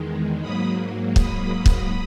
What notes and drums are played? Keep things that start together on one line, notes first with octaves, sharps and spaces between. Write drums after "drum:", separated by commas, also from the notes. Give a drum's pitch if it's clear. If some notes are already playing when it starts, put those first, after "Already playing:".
Already playing: E2 D#3 G#3
G#2 F#3 A#3 B5 D#6
B5 D#6, drum: kick
drum: kick